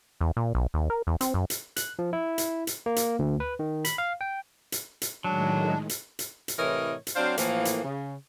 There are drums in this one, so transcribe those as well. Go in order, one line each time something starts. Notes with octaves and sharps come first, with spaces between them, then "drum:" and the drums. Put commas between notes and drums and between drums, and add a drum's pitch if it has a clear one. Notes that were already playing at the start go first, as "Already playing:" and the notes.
E2
A#2
B1
D#2
A#4
E2
C4, drum: hi-hat
F#2
drum: hi-hat
F#6, drum: hi-hat
F3
E4
drum: hi-hat
drum: hi-hat
A#3
drum: hi-hat
D2
B4
D#3
B5, drum: hi-hat
F5
G5
drum: hi-hat
drum: hi-hat
A2 D#3 F#3 G#3 D4
drum: hi-hat
drum: hi-hat
drum: hi-hat
A2 C3 E3 A#4 C#5 D#5
drum: hi-hat
F#3 C4 D4 C5 F5
A2 E3 F3 A3 A#3, drum: hi-hat
drum: hi-hat
C#3